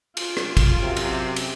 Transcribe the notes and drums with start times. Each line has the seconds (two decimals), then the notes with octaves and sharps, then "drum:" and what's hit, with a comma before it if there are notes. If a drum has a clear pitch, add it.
0.17 F4, drum: cymbal
0.37 drum: rim click
0.57 drum: kick, cymbal
0.81 F#2 C3
0.97 drum: cymbal
1.36 drum: cymbal